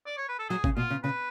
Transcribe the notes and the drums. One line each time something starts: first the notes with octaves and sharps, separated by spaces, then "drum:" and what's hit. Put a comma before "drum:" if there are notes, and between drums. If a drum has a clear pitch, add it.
D5
C#5
B4
A4
F#3 G#4
C#3, drum: kick
B2 F4
C#3
C#3 B4